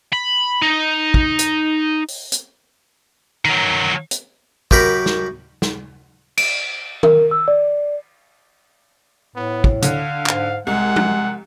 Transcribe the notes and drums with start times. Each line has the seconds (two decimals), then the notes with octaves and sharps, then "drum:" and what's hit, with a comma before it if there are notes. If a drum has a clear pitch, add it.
0.13 B5
0.62 D#4
1.14 drum: kick
1.39 drum: hi-hat
2.08 drum: open hi-hat
2.32 drum: hi-hat
3.45 D#3 F#3
4.11 drum: hi-hat
4.71 F#2 G4 A#4 B5, drum: kick
5.06 drum: snare
5.62 drum: snare
6.38 D7, drum: cymbal
7.03 A#4, drum: tom D#3
7.31 E6
7.48 D5
9.36 A2 B3
9.64 drum: kick
9.82 D3 F5, drum: hi-hat
10.26 G#2, drum: clap
10.67 C2 G#3 F#5
10.96 drum: tom F3